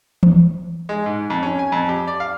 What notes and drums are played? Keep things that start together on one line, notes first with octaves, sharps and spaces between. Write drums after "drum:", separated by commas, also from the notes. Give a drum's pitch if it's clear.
drum: tom E3
G#3
G#2
F2
C#4
G#5
F2
G4
D5
F5